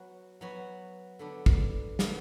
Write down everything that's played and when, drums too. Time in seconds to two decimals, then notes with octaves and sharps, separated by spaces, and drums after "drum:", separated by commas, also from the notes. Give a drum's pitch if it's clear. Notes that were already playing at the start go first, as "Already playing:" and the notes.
Already playing: F#3 B3 F#4
0.41 F#3 B3 F#4
1.19 D3 B3 D4
1.46 drum: kick
1.99 D3 B3 D4, drum: snare